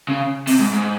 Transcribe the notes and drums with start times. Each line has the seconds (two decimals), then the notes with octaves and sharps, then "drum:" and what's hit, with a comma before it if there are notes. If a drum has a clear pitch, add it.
0.08 C#3
0.47 C3, drum: open hi-hat
0.59 G#2
0.73 G#2